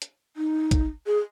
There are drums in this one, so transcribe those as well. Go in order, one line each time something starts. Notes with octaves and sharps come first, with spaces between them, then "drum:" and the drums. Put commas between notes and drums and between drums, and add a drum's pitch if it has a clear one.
drum: hi-hat
D#4
drum: kick, hi-hat
G#4